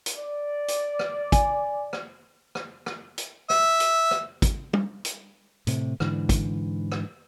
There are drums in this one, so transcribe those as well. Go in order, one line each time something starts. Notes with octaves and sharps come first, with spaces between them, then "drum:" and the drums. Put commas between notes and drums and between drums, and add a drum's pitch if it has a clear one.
drum: hi-hat
D5
drum: hi-hat
drum: rim click
G#5, drum: kick, hi-hat
drum: rim click
drum: rim click
drum: rim click
drum: hi-hat
E5, drum: rim click
drum: hi-hat
drum: rim click
drum: kick, hi-hat
drum: tom G3
drum: hi-hat
A2 C3, drum: hi-hat
G#2 D3 E3, drum: rim click
drum: kick, hi-hat
drum: rim click